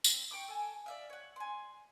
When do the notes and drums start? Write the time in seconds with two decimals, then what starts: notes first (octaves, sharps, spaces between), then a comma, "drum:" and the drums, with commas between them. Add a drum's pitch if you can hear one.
0.04 C4, drum: tambourine
0.31 G5 C#6 D6
0.48 A4 G#5
0.86 D5 E5 F5
1.10 C#5 F#5
1.36 G#5 C6